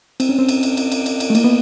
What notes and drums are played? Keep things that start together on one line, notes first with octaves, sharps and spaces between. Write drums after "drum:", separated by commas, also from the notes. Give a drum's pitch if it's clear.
C4, drum: cymbal
C#4
C4
drum: cymbal
drum: cymbal
drum: cymbal
drum: cymbal
drum: cymbal
drum: cymbal
A3
A#3, drum: cymbal
B3